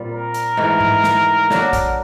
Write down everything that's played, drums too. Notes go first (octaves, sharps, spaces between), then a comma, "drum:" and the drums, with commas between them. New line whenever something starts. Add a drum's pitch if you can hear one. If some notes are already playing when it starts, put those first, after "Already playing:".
Already playing: A#2 G3 C4 F4
A#4
drum: hi-hat
G#2 E3 A3
drum: tom G#2
drum: snare
D3 F#3 A#3 D4, drum: snare
drum: kick A#1, hi-hat